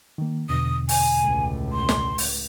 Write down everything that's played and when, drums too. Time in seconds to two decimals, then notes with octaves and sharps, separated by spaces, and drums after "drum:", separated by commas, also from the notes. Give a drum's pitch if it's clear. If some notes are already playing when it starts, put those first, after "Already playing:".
0.18 D#3 A#3
0.49 E2 B2 D3 D#6
0.89 G#5, drum: open hi-hat
1.20 C#2 A2
1.72 C6
1.89 drum: snare
2.18 drum: open hi-hat